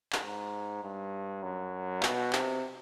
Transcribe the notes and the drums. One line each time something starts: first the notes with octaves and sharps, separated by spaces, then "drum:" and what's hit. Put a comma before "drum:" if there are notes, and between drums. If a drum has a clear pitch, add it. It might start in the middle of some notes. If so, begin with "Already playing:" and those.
drum: clap
G#2
G2
F#2
B2, drum: clap
C3, drum: clap